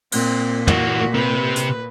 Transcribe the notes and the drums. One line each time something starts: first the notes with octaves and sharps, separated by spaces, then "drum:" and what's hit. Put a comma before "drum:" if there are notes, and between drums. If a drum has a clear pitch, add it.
A#2 C4, drum: cymbal
E3 A#3 F#4, drum: tom
C3 C4 B4
drum: hi-hat